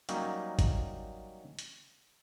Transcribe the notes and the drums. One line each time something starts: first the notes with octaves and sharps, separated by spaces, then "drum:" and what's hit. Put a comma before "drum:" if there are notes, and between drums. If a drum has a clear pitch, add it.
F#3 G3 A#3 C#4 D#4, drum: hi-hat
drum: kick G#1, hi-hat
drum: hi-hat